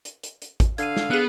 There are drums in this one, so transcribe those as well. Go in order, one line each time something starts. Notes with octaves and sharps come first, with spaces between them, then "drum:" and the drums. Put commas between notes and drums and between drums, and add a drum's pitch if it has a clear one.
drum: hi-hat
drum: hi-hat
drum: hi-hat
drum: kick, hi-hat
D3 F5 G#6 C7 D#7, drum: hi-hat
drum: snare
B3 G#4 F#6